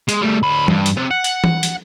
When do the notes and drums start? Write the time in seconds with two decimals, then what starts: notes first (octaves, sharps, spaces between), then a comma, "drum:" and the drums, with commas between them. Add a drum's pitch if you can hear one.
0.09 G#3, drum: hi-hat
0.22 G3 A3
0.43 D2 B5
0.68 G2, drum: tom E3
0.86 drum: hi-hat
0.97 C3
1.11 F#5
1.24 drum: hi-hat
1.44 drum: tom E3
1.63 drum: hi-hat